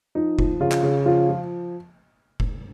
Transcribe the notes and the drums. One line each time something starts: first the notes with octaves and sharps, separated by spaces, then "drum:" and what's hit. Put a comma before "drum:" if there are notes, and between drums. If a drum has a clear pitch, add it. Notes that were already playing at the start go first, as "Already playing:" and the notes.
F3 D#4
F3, drum: kick F1
C#3 F4
drum: clap
C#3
F3 F4
F3
drum: kick F1